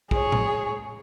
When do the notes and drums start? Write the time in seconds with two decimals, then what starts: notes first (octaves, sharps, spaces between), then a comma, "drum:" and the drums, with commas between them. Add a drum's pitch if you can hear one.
0.11 G#4 C#5, drum: kick
0.32 drum: tom A2